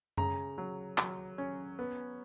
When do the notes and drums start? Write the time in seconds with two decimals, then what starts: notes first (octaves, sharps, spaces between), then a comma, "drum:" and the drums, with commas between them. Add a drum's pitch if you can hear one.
0.17 C#3 A#5, drum: tom F#2
0.58 F#3
0.98 F#3, drum: clap
1.38 C#4
1.79 B3